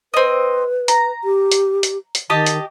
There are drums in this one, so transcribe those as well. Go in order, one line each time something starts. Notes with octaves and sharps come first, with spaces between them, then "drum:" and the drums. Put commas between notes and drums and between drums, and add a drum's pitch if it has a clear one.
C4 B4 D#5
A#5, drum: hi-hat
G4
drum: hi-hat
drum: hi-hat
drum: hi-hat
D#3 G4 D#5 A5
drum: hi-hat